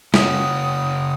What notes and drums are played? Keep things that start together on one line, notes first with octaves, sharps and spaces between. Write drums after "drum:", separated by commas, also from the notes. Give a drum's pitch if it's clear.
C#3 C#4 F#4 D#6, drum: snare